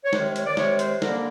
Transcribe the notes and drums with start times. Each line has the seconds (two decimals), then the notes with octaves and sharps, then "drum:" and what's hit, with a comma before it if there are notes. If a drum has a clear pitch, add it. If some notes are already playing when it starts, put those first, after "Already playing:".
0.05 C#5
0.13 C3 D#3 G#3 C5, drum: snare
0.24 C#5
0.36 C#5, drum: hi-hat
0.46 D5
0.57 C3 D#3 G#3 C#5, drum: snare
0.79 C5, drum: hi-hat
1.02 D3 G3 A#3 A#4, drum: snare